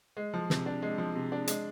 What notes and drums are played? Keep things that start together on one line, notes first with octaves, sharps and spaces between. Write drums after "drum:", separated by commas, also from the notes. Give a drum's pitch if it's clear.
G#3
F3
C3, drum: snare
D4
G#3
F3
C3
D4
G#3, drum: hi-hat